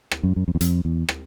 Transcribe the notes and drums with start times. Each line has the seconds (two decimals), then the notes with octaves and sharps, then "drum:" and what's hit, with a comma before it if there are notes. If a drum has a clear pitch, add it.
0.11 drum: rim click
0.23 F#2
0.36 F#2
0.48 F2
0.55 E2
0.61 F2, drum: hi-hat
0.85 E2
1.09 drum: rim click